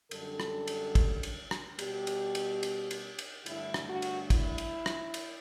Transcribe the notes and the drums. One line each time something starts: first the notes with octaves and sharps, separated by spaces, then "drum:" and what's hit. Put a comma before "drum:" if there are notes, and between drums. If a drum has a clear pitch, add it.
F#2 D3 G3 A4, drum: cymbal
drum: rim click
drum: cymbal
drum: kick, cymbal
drum: cymbal
drum: rim click
B2 G3 G4, drum: cymbal
drum: cymbal
drum: cymbal
drum: cymbal
drum: cymbal
drum: cymbal
G2 D3 A3 E4, drum: cymbal
drum: rim click
F#4
drum: cymbal
E4, drum: kick, cymbal
drum: cymbal
drum: rim click
drum: cymbal